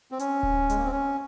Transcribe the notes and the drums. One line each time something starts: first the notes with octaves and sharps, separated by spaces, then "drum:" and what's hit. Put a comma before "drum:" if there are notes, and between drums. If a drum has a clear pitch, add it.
C4
C#4, drum: hi-hat
drum: kick D1
G#3, drum: hi-hat
A#3
C4
C#4